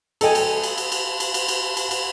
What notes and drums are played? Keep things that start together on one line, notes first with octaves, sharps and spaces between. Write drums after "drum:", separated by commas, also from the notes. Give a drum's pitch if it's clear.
A4 D#5 G5 G#5, drum: cymbal
drum: cymbal
drum: cymbal
drum: cymbal
drum: cymbal
drum: cymbal
drum: cymbal
drum: cymbal
drum: cymbal
drum: cymbal